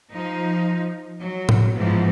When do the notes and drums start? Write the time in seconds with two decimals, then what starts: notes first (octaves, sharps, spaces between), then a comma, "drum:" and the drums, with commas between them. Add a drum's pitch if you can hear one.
0.11 F3 D#4
1.21 F#3
1.49 drum: tom A2
1.75 G#2 E3 F3 B3